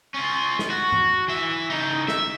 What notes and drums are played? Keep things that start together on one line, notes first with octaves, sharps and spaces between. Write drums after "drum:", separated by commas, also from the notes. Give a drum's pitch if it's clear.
C#4 F4
drum: snare
F#4
drum: tom G#2
E3 E5
C#3 D#4
E5, drum: snare